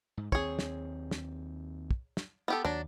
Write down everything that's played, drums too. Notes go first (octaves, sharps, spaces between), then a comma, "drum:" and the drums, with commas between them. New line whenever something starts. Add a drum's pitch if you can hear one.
G#2
D#2 A3 C4 G#4 C#5, drum: kick
drum: snare
drum: snare
drum: kick
drum: snare
B3 G4 A4
D#2 F#3 D4